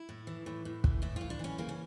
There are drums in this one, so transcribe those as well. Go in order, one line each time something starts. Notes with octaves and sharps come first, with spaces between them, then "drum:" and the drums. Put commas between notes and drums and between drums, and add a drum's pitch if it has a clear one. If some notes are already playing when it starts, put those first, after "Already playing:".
Already playing: E4
A2
E3
A2
A2
E3, drum: kick
A2 E4
A2 F4
D4
E3 C#4
C#3 A#3
C#4